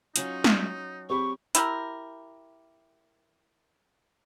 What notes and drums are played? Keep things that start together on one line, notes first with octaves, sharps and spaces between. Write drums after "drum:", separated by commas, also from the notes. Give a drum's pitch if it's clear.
F#3 C#4 D#4 F4, drum: hi-hat
drum: snare
C4 G4 B5 C#6
E4 G4 A#4, drum: hi-hat